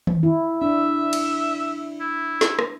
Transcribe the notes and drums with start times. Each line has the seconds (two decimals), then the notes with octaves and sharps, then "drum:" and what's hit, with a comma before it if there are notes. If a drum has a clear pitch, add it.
0.07 drum: tom D#3
0.23 E4
0.62 D4 E5
1.13 drum: cymbal
2.00 E4
2.41 drum: snare
2.59 drum: rim click